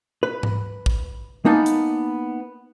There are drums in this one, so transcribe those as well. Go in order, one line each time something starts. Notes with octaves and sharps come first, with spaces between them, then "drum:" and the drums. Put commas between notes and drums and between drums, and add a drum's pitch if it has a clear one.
B4
drum: tom G#2
drum: kick
A#3 B3 D#4 G#5 A5
drum: hi-hat